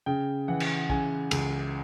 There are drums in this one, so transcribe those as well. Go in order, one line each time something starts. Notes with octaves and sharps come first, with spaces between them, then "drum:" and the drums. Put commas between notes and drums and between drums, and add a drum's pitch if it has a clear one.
C#3 G5
E3 F#5
drum: cymbal
C#3 G#5, drum: kick
C#2, drum: cymbal